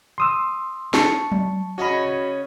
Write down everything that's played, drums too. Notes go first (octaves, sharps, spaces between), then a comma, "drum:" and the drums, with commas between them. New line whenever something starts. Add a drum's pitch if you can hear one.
C6 D#6 E6
A5 C#6, drum: snare
drum: tom F#3
C#3 C#4 F#4 D#5 B5